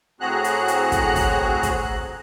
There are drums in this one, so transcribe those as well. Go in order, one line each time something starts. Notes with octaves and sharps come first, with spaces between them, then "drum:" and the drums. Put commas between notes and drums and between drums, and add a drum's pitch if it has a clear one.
A2 C4 F#4 G#4 A#5 F#6
drum: hi-hat
drum: hi-hat
drum: kick, hi-hat
drum: kick, open hi-hat
drum: kick, hi-hat